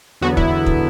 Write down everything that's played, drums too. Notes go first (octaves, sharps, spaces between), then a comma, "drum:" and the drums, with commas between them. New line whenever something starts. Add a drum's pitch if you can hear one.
E2 D3 F#3 B3 F#4
E4, drum: kick
drum: kick